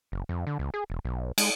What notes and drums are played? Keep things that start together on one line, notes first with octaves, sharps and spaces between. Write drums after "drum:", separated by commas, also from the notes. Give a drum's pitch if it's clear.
F#1
F2
D3
C#2
G#4
E1
B1
G#3, drum: cymbal